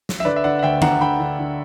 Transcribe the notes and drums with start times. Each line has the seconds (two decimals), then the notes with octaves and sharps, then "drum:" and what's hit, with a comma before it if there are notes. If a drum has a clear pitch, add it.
0.09 drum: snare
0.20 E5
0.25 D3 B4 D5
0.36 E5
0.44 D3 D5 F#5
0.59 F#5
0.63 D2 E5 G5
0.82 D3 F#5 A#5, drum: tom
1.01 D3 G5 B5
1.20 D3
1.39 D3